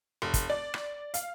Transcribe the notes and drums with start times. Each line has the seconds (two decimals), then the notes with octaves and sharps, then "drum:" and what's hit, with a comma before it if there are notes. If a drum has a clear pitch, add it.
0.22 F1
0.34 drum: kick, hi-hat
0.50 D5
0.74 drum: rim click
1.14 F5, drum: hi-hat